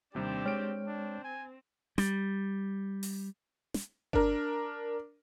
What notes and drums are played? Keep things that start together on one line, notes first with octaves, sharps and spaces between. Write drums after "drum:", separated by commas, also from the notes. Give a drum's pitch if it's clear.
D#2 C3 G3 C4 D4 G4
G#3 C#5 G5 F6 D7
C4 D4
G#5
G3, drum: snare
drum: open hi-hat
drum: snare
D4 A#4, drum: kick G1